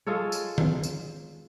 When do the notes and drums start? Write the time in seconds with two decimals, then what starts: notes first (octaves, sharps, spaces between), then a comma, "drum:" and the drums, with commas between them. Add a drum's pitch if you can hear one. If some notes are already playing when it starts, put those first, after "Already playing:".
0.07 G#3 F4 A4 C#5
0.32 drum: tambourine
0.58 drum: tom D#3
0.84 drum: tambourine